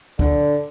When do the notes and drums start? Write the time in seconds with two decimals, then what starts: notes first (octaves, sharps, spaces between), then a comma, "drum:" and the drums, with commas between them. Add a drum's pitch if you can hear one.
0.19 D3, drum: kick